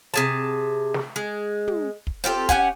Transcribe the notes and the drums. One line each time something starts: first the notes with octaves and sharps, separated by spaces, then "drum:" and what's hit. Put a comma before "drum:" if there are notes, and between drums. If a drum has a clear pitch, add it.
C3 G#4 A5
drum: snare
G#3
drum: tom
drum: kick
C4 F4 G4 A4
C#4 G4 F#5 G#5, drum: kick